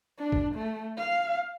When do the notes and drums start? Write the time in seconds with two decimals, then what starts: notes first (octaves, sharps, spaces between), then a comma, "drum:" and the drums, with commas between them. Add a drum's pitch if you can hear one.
0.19 D4
0.32 drum: kick
0.55 A3
0.97 F5